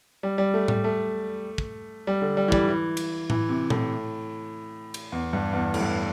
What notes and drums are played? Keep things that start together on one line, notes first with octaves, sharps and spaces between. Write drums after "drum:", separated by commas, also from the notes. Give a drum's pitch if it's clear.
G3
G3
A3
G3, drum: tom A2
A3
drum: kick
G3
D3
G3
E3
G3, drum: kick
E3
drum: cymbal
E3, drum: tom A2
C3
A2, drum: tom A#2
drum: cymbal
E2
G2
E2
A2, drum: cymbal
G2